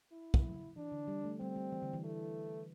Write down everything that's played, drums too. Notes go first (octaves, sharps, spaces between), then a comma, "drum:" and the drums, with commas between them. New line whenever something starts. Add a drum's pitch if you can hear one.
E4
drum: kick
E3 D4
D3
G3
A3
G3 C4
G3
E3
D3
E3
A3